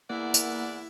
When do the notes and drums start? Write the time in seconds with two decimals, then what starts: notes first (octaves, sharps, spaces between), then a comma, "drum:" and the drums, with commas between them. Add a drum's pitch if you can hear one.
0.10 E2 A#3 E4 D5 F#5
0.34 drum: tambourine